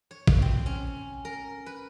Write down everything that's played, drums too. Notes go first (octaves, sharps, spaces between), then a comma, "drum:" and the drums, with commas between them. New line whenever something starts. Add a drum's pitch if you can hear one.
C#5
drum: kick
C4
C#4
A#4
B4